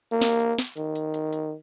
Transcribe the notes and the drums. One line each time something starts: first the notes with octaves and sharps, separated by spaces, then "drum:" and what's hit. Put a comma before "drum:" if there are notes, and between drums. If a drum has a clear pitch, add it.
A#3
drum: snare
drum: hi-hat
drum: snare
D#3, drum: hi-hat
drum: hi-hat
drum: hi-hat
drum: hi-hat